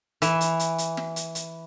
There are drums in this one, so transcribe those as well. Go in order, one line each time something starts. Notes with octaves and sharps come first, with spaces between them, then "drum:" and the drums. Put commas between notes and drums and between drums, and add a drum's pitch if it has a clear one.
E3, drum: hi-hat
drum: hi-hat
drum: hi-hat
drum: hi-hat
drum: snare
drum: hi-hat
drum: hi-hat